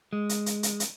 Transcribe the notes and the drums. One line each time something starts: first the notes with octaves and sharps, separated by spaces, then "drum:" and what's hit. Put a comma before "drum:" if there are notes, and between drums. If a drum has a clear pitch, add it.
G#3
drum: hi-hat
drum: hi-hat
drum: hi-hat
drum: hi-hat